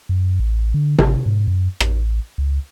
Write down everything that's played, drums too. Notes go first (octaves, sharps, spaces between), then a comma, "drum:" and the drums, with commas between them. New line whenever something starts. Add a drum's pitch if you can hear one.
F#2
A1
D3
G#1, drum: tom C3
G#2
F#2
A1, drum: rim click
C#2